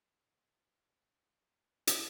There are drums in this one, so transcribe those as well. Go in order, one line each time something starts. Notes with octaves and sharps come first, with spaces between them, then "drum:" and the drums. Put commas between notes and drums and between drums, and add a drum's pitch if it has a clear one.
A#2 D3 G4 B4 G#5
drum: hi-hat